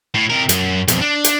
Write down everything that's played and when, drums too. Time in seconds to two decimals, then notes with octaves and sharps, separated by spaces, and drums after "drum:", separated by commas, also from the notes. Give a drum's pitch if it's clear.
0.15 A2
0.30 C3 A#4
0.49 F#2, drum: hi-hat
0.88 B1 F2, drum: hi-hat
1.01 D4
1.24 drum: hi-hat